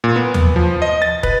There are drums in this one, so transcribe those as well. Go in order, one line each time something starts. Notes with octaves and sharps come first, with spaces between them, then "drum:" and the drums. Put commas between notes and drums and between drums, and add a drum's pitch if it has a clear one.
A#2
B3
drum: tom
F3
D#5
A6
B4, drum: kick